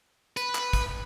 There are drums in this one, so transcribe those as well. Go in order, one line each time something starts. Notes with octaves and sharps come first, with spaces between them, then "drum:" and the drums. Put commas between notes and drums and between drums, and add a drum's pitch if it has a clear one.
B4, drum: hi-hat
drum: clap
drum: kick, hi-hat